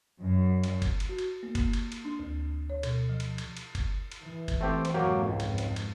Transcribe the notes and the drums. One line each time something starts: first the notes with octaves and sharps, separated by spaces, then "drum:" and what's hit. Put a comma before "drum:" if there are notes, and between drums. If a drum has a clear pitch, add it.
F#2
drum: cymbal
drum: kick F#1, cymbal
drum: cymbal
F#4
drum: cymbal
A#3
drum: kick F#1, cymbal
drum: cymbal
drum: cymbal
D4
D2
C#5
B2, drum: cymbal
F3
drum: cymbal
drum: cymbal
drum: cymbal
drum: kick F#1, cymbal
drum: cymbal
E3
drum: kick F#1, cymbal
A3 C4 G4
drum: cymbal
F2 G#2 F#3 A#3 G4
C#2
drum: cymbal
drum: cymbal
drum: cymbal